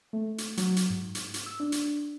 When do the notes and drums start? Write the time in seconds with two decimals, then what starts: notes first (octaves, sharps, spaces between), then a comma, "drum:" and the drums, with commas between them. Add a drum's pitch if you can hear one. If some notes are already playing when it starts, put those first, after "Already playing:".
0.13 A3
0.38 drum: hi-hat
0.57 F#3, drum: hi-hat
0.76 drum: hi-hat
0.90 G#2
1.15 drum: hi-hat
1.34 drum: hi-hat
1.46 E6
1.60 D4
1.72 drum: hi-hat